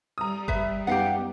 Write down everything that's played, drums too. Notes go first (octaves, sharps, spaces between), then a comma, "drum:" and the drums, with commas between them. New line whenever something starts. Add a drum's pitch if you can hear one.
G3 A#5 D#6
B4 E5, drum: kick G1
F#2 B3 D#4 G4 F5 F#5